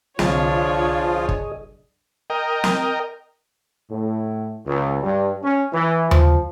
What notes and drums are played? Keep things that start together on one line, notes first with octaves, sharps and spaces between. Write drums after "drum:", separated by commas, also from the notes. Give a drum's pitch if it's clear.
C2 D3 F3 D4 F4 G#4 C#5 D#5, drum: snare
drum: kick
A#4 D#5 G5
drum: snare
A2
C#2
G2
C#4
E3
F3, drum: tom D#2